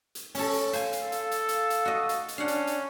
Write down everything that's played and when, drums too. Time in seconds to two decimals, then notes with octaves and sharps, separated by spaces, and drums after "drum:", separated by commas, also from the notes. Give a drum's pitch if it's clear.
0.15 drum: hi-hat
0.35 C#4 A4, drum: open hi-hat
0.54 drum: hi-hat
0.73 C5 F5 G#5, drum: hi-hat
0.93 drum: hi-hat
1.03 A4
1.12 drum: hi-hat
1.31 drum: hi-hat
1.49 F5, drum: hi-hat
1.70 drum: hi-hat
1.85 F#4 D#5
2.09 drum: hi-hat
2.28 drum: hi-hat
2.38 C#4 D4 F5 F#5
2.48 drum: hi-hat
2.67 drum: hi-hat